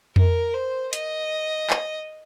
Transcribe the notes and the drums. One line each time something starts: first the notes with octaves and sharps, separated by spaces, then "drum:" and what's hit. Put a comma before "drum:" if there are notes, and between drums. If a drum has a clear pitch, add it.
A#4, drum: tom F2
C5
D#5, drum: hi-hat
drum: clap